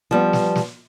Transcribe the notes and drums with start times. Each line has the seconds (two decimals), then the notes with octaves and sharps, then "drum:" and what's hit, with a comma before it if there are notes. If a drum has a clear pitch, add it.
0.11 F3 G3 B3
0.33 drum: snare
0.55 drum: snare